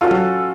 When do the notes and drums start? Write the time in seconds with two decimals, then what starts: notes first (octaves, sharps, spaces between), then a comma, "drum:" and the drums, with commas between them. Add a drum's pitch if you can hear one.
0.01 C#4 F4 F#4 A4
0.11 drum: tom F#3